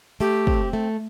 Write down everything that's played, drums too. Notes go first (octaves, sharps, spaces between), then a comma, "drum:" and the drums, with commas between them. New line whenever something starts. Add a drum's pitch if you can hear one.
A3 G4
C4, drum: kick
A3